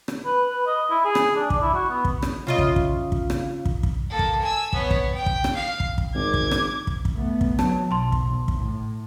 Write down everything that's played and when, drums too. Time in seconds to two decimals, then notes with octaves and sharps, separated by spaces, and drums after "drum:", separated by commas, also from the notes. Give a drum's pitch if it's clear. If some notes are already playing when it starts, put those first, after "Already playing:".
0.08 drum: rim click
0.25 B4
0.49 B4
0.67 D#5
0.90 E4
1.05 G#4
1.15 drum: rim click
1.35 D4
1.50 D5, drum: kick
1.62 E4
1.74 F#4
1.90 B3
2.05 drum: kick
2.22 drum: rim click
2.47 C#3 F4 D#5
2.58 drum: kick
2.76 drum: kick
3.12 drum: kick
3.30 drum: rim click
3.65 drum: kick
3.83 drum: kick
4.10 A#3 A4
4.19 drum: kick
4.42 G#5 E6
4.73 B3 C#5, drum: kick
4.91 drum: kick
5.14 G5
5.26 drum: kick
5.44 drum: rim click
5.55 F5
5.80 drum: kick
5.98 drum: kick
6.14 G#1 D6 G#6
6.34 drum: kick
6.51 drum: rim click
6.87 drum: kick
7.05 drum: kick
7.14 A3 B3
7.41 drum: kick
7.59 F#3 A5, drum: rim click
7.91 B1 A5 C6
8.12 drum: kick
8.48 drum: kick
8.57 A2